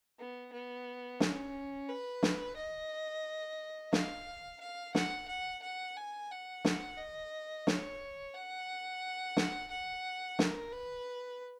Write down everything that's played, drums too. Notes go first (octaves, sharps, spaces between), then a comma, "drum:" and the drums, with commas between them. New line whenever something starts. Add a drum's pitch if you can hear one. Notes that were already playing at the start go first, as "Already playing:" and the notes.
B3
B3
C#4, drum: snare
B4
drum: snare
D#5
F5, drum: snare
F5
F#5, drum: snare
F#5
F#5
G#5
F#5
drum: snare
D#5
C#5, drum: snare
F#5
drum: snare
F#5
A#4, drum: snare
B4